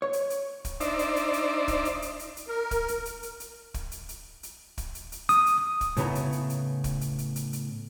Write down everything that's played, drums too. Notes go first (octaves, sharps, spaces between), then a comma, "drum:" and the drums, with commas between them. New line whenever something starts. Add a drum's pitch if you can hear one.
C#5
drum: hi-hat
drum: hi-hat
drum: kick, hi-hat
D4 D#4 C5 D5 E5, drum: hi-hat
drum: hi-hat
drum: hi-hat
drum: hi-hat
drum: kick, hi-hat
drum: hi-hat
drum: hi-hat
drum: hi-hat
drum: hi-hat
A#4
drum: kick, hi-hat
drum: hi-hat
drum: hi-hat
drum: hi-hat
drum: hi-hat
drum: kick, hi-hat
drum: hi-hat
drum: hi-hat
drum: hi-hat
drum: kick, hi-hat
drum: hi-hat
drum: hi-hat
D#6, drum: hi-hat
drum: hi-hat
drum: kick, hi-hat
A2 C#3 B3 E4 A#5, drum: hi-hat
drum: hi-hat
drum: hi-hat
drum: hi-hat
drum: kick, hi-hat
drum: hi-hat
drum: hi-hat
drum: hi-hat
drum: hi-hat